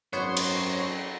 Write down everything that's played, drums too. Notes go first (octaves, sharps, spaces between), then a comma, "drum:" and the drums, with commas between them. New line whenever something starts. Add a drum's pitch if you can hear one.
G#1 F#2 B3 C5 C#5 F#5
drum: cymbal